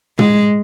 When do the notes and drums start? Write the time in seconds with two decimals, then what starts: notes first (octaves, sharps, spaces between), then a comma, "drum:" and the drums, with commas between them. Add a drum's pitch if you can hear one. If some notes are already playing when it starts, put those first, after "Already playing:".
0.19 G#3, drum: tom